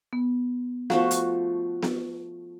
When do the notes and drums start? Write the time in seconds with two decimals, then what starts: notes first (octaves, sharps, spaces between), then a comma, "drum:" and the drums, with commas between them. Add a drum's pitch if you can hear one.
0.13 B3
0.90 F3 A3 F#4 F5, drum: snare B3
1.11 drum: hi-hat
1.83 drum: snare B3